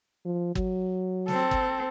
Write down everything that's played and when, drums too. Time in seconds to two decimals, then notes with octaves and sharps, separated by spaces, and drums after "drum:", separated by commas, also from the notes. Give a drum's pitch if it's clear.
0.25 F3
0.55 F#3, drum: kick G1
1.28 C4 A4, drum: snare
1.51 drum: kick G1